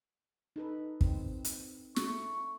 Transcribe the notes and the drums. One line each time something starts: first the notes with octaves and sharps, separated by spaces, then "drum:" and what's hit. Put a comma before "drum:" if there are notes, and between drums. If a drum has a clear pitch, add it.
D#4 A4 B4
C4, drum: kick
drum: hi-hat
A3 C#6, drum: snare